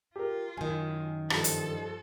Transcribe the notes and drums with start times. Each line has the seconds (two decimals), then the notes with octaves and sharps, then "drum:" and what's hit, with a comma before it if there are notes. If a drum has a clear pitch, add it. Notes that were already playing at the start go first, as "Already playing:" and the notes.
0.16 F4 G4 A#4
0.57 F#2 D#3 G#5
1.30 G2 F3 A4, drum: rim click
1.44 drum: hi-hat